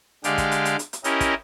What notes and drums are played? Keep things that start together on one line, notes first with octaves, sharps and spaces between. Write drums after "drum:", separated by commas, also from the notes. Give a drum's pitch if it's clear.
D3 G#3 G4 D5 F5, drum: hi-hat
drum: kick, hi-hat
drum: hi-hat
drum: hi-hat
drum: hi-hat
drum: hi-hat
C#4 E4 G4 A#4 D#5, drum: hi-hat
drum: kick, hi-hat